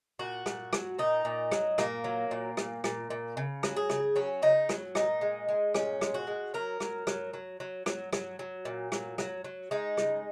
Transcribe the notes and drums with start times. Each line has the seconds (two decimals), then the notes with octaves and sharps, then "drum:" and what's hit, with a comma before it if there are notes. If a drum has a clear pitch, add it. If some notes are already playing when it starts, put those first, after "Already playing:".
0.19 A#2 F#4
0.46 A#2, drum: rim click
0.73 F#3, drum: rim click
0.99 A#2 D#4
1.25 A#2
1.52 F#3, drum: rim click
1.78 A#2 A#3, drum: rim click
2.04 F#3
2.31 A#2
2.57 A#2, drum: rim click
2.84 A#2, drum: rim click
3.10 A#2
3.37 C#3
3.63 F#3, drum: rim click
3.76 G#4
3.90 C#3, drum: rim click
4.16 F#3 C#4
4.42 C#3 D#4
4.69 F#3, drum: rim click
4.95 A#2 D#4, drum: rim click
5.21 G#3
5.49 G#3
5.74 A#2 C#4, drum: rim click
6.01 G#3, drum: rim click
6.14 F#4
6.27 G#3
6.54 F#3 A#4
6.80 F#3, drum: rim click
7.07 F#3, drum: rim click
7.33 F#3
7.60 F#3
7.86 F#3, drum: rim click
8.13 F#3, drum: rim click
8.39 F#3
8.65 A#2
8.92 F#3, drum: rim click
9.18 F#3, drum: rim click
9.44 F#3
9.71 G#3 D#4
9.97 C#3, drum: rim click